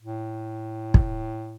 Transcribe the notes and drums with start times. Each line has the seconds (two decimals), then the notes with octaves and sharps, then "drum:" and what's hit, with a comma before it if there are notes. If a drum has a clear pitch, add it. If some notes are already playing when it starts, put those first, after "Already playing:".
0.01 A2
0.94 drum: kick